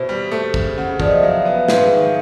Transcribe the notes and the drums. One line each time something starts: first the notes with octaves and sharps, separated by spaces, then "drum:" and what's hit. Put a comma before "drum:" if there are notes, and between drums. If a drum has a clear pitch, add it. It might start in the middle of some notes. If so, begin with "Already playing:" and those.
Already playing: B2 E4 C5
G3
A3
C#3, drum: kick
C#3 F#5
F3 D5, drum: kick
D#5
E5
F#3 F5
B3
G#2 B4, drum: snare
D#3